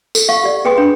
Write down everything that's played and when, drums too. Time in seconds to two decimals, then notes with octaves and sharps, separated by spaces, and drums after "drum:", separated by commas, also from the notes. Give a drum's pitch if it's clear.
0.15 A4, drum: tambourine
0.29 F5 F#5 C#6
0.44 G4 D5
0.65 G#4 B4 G5 G#5 C6 D#6
0.77 D4 B4 B5